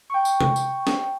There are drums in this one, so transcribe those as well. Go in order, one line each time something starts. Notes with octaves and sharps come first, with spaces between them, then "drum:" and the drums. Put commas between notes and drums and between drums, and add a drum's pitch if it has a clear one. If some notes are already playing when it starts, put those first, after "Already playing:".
G5 C#6
drum: tambourine
drum: tom C3
drum: tambourine
drum: snare